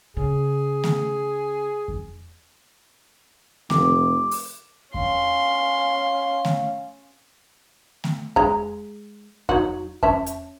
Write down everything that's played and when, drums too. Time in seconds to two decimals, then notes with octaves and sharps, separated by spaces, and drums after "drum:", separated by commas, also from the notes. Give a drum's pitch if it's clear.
0.17 C#3 G#4
0.84 drum: snare A3
1.88 drum: kick F2
3.70 F1 D6, drum: snare A3
4.31 drum: open hi-hat
4.94 C#4 F5 C6, drum: kick F2
6.45 drum: snare A3
8.04 drum: snare A3
8.36 G#3 A#5, drum: kick F2
9.49 F#3 D#4 F#4, drum: kick F2
10.03 C#4 E5 A5, drum: kick F2
10.26 drum: hi-hat